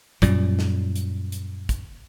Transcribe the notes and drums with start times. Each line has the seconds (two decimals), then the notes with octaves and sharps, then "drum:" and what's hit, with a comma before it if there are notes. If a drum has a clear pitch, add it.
0.22 F#2 A#2 G3, drum: kick, hi-hat
0.59 drum: snare
0.96 drum: hi-hat
1.32 drum: hi-hat
1.69 drum: kick, hi-hat